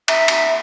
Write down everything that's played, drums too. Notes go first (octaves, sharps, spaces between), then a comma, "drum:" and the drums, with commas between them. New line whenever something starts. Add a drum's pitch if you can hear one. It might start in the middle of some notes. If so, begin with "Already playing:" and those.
E5, drum: cymbal
drum: cymbal